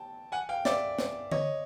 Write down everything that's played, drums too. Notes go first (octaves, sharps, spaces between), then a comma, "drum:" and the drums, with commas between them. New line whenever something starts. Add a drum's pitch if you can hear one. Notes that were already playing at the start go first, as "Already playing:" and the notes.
Already playing: G5 A5
F#5 G#5
F5 G5
D5 E5, drum: snare
drum: snare
C#5 D#5, drum: tom D3